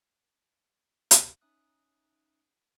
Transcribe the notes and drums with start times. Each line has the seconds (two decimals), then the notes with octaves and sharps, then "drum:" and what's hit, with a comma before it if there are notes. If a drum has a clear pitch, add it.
1.11 drum: hi-hat
1.41 C#4 D#4 E5 D#6 F#6